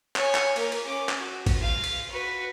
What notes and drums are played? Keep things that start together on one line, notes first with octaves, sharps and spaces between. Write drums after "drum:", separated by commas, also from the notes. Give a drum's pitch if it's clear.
C#5 G#5, drum: clap
drum: clap
A#3 A#4, drum: cymbal
drum: cymbal
C#4 D6
drum: clap
F#4
drum: kick, cymbal
F5
drum: cymbal
F#4 B4